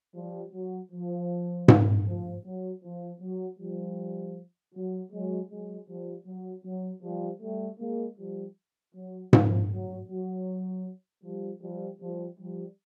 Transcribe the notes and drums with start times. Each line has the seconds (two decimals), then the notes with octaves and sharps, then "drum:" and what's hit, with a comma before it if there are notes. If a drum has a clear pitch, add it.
0.15 F3 G3
0.53 F#3
0.92 F3
1.68 drum: tom G#2
2.07 F3
2.45 F#3
2.83 F3
3.21 F#3
3.59 F3 G3
4.74 F#3
5.12 F#3 G#3
5.51 F#3 G#3
5.88 F3 G3
6.27 F#3
6.65 F#3
7.03 F3 G3
7.42 G3 A3
7.79 G#3 A#3
8.18 F3 G3
8.95 F#3
9.33 F3, drum: tom G#2
9.72 F#3
10.09 F#3
11.24 F3 G3
11.62 F3 G3
12.00 F3 G3
12.38 F3 G3